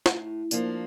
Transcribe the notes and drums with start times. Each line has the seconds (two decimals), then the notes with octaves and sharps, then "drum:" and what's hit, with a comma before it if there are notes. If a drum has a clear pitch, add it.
0.06 A2, drum: snare
0.51 F3 A#3 D4, drum: tambourine